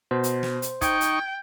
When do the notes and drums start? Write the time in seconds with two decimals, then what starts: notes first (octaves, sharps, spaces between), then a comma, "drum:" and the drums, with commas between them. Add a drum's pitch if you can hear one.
0.11 B2 C5
0.24 drum: hi-hat
0.43 drum: snare
0.62 drum: hi-hat
0.81 D#4 G5 C#6 G#6, drum: kick, hi-hat
1.01 drum: hi-hat